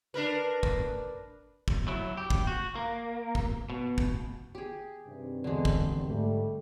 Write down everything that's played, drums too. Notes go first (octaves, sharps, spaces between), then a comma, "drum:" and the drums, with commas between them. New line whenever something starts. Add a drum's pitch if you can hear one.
D4 A#4 B4
drum: kick
drum: kick
F#3 E4
G4
drum: kick
F#4
A#3
drum: kick
B2
drum: kick
G4 G#4
G2 C3 D#3
E2 B2 D3 G#3
drum: kick
G#2 G3 A3